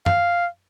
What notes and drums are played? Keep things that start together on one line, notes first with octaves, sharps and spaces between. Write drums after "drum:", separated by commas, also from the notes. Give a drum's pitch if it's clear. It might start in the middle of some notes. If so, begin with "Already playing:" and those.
F5, drum: tom F#2